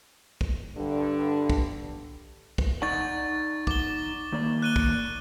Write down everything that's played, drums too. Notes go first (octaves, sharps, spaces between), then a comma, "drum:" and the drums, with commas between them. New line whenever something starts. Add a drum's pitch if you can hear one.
drum: kick
G2 D3
drum: kick
drum: kick
D#4 D5 F#5 C#6 A6
D6 G7, drum: kick
D#3 A#3 D5
F#6 D#7 G7
drum: kick